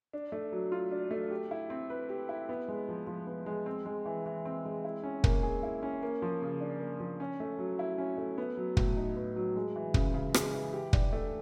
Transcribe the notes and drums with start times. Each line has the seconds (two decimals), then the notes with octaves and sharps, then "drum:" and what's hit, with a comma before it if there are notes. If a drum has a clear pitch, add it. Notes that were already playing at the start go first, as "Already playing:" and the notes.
0.13 D4
0.32 A3
0.52 F#3
0.72 F4
0.91 D4
1.11 A3
1.30 G4
1.51 E4
1.70 C4
1.90 B4
2.09 G4
2.29 E4
2.49 B3
2.68 G#3
2.89 F3
3.07 F3
3.27 B3
3.46 G#3
3.66 C4
3.86 G#3
4.05 E3
4.26 E3
4.45 C4
4.65 G#3
4.85 E4
5.03 C#4
5.24 A#3, drum: kick
5.43 G#4
5.63 E4
5.83 C#4
6.03 A#3
6.22 F3
6.42 C#3
6.61 D4
6.80 A#3
7.00 F3
7.20 C#4
7.40 A3
7.59 F#3
7.79 E4
7.98 C#4
8.17 A3
8.38 B3
8.57 F#3
8.77 A2, drum: kick
8.97 D#4
9.16 B3
9.36 F#3
9.56 G#3
9.76 E3
9.94 C#3, drum: kick
10.14 C#3
10.34 G#3, drum: rim click
10.54 E3
10.73 G4
10.93 D4, drum: kick
11.13 A3